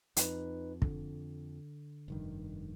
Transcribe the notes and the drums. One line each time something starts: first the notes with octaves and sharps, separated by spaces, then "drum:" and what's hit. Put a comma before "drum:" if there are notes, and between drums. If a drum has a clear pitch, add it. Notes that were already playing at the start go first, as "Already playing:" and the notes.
F2 D#4 B4, drum: hi-hat
D3, drum: kick
F1 G2 D#3